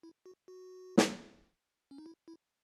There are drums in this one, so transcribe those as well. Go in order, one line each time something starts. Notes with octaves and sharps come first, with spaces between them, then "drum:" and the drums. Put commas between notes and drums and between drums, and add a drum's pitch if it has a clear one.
E4
F#4
F#4
drum: snare
C#4
D#4
E4
E4